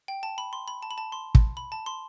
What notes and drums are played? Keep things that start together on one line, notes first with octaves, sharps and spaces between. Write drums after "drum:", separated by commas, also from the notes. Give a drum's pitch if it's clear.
G5
A5
B5
C6
B5
A5
B5
A5
C6
drum: kick
B5
A5
C6